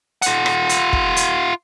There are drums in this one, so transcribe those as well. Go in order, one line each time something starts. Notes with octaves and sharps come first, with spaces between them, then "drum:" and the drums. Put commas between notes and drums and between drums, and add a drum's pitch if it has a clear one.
F4 F#5, drum: hi-hat
drum: rim click
drum: hi-hat
drum: kick
drum: hi-hat